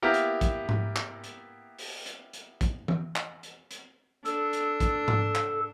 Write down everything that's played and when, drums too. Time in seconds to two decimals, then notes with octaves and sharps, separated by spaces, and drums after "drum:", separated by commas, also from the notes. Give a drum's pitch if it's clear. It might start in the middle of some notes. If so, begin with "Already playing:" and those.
0.02 A#3 B3 E4 G4 A#4
0.14 drum: hi-hat
0.41 drum: kick, hi-hat
0.69 drum: tom G#2
0.96 drum: clap
1.24 drum: hi-hat
1.79 drum: open hi-hat
2.06 drum: hi-hat
2.33 drum: hi-hat
2.61 drum: kick, hi-hat
2.88 drum: tom E3
3.16 drum: clap
3.43 drum: hi-hat
3.71 drum: hi-hat
4.26 D4 A4, drum: hi-hat
4.53 drum: hi-hat
4.80 drum: kick, hi-hat
5.08 drum: tom G#2
5.35 drum: clap